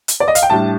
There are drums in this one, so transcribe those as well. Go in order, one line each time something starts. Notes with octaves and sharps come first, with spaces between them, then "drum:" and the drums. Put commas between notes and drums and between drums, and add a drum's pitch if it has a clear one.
drum: hi-hat
D5
D#5
F5, drum: hi-hat
G5
A2 G3 D4 A5